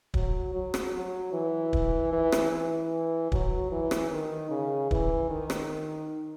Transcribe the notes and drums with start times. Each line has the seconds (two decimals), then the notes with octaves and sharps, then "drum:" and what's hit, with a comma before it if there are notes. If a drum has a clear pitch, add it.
0.14 F#3, drum: kick
0.54 F#3
0.74 drum: rim click
0.93 F#3
1.33 E3
1.73 drum: kick
2.13 E3
2.32 drum: rim click
2.52 E3
3.32 F#3, drum: kick
3.71 E3
3.91 drum: rim click
4.11 D#3
4.50 C#3
4.91 E3, drum: kick
5.30 D#3
5.50 drum: rim click